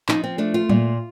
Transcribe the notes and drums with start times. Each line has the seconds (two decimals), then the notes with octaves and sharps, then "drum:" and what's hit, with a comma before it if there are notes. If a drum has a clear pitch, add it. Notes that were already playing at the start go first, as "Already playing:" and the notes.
0.09 F3 D#4, drum: clap
0.24 C4
0.38 A3 D4
0.54 F4
0.69 A#2, drum: tom F#3